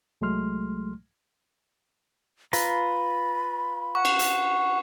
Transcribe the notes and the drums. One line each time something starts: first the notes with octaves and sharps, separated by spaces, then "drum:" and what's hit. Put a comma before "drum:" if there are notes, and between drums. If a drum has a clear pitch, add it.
C2 F#3 G#3 A3 C6 F6
F4 B4 A#5 B5, drum: hi-hat
F#5 C#6
drum: cymbal
drum: hi-hat